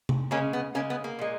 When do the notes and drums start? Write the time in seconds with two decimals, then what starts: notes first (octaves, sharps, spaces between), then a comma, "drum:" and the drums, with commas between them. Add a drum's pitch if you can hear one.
0.09 drum: tom C3
0.31 C#3 G#3 A#3 C#4
0.53 B3
0.75 C#3 G#3 A#3 C#4
0.90 B3
1.04 A#3
1.19 A#2 G#3